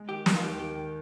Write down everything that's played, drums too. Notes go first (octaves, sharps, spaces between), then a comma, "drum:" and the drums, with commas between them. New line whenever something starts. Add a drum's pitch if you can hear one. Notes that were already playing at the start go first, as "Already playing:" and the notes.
Already playing: G#3
D#3 G4
D#3 G4, drum: snare
F4
D#2 G4
D#3 G4
D#3